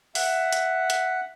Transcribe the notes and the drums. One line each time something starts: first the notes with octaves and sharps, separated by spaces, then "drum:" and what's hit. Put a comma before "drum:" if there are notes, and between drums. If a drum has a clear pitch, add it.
E5 F#5, drum: open hi-hat
drum: hi-hat
drum: hi-hat